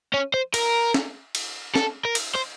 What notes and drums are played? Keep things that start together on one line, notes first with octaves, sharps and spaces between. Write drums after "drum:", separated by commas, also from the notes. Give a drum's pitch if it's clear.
C#4
C5
A#4, drum: cymbal
drum: snare
drum: cymbal
A4, drum: snare
A#4
drum: cymbal
C5